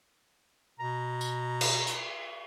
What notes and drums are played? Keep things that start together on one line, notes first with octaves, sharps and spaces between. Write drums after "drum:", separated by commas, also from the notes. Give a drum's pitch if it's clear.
B2 A#5
drum: tambourine
drum: cymbal
drum: hi-hat